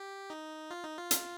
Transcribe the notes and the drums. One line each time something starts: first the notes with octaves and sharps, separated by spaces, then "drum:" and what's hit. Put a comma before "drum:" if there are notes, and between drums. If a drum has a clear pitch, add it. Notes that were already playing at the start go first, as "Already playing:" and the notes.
Already playing: G4
D#4
F4
D#4
F4
drum: hi-hat